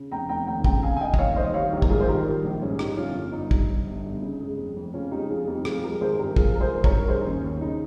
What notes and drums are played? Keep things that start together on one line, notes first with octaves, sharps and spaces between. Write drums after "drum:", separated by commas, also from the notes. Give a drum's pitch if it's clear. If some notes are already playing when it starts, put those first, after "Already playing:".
Already playing: C#3
F1 G5 A#5
F1 G5 A#5
D#2 G5 A#5
C#3 G5 A#5, drum: kick
F1 F5 G#5
G#5
F1 D#5 G5
D#5, drum: kick
D#2 C#5 F5
D#3 C5 D#5
G3 C#5 F5
A#1 D#4 G4
A#4, drum: kick
G#2 F4 G#4
C5
D#3 G4 A#4
G3
A#1
G#2 C#4
G3 D#4, drum: rim click
G1 C#4 F4
G1
G2 D#4
G3, drum: kick
G1
G1
G2
C#3
G#3
F1
F2
C#3 C#4 F4
G#3 D#4 G4
F1 F4 G#4
F2 D#4 G4
F3 F4 G#4, drum: rim click
G#3 G4 A#4
G#1 G#4 C5
G2 G4 A#4
F3 F4 G#4, drum: kick
G#3 A#4
G#4 C5
G#1
A#4 C#5, drum: kick
G2
G3 G#4 C5
D#4
D#2 C#4
D#2
C#3 D#4